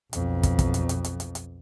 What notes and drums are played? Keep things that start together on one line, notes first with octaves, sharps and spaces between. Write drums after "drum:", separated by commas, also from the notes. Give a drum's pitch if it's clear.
B1 F2, drum: hi-hat
drum: kick, hi-hat
drum: kick, hi-hat
drum: hi-hat
drum: hi-hat
drum: hi-hat
drum: hi-hat
drum: hi-hat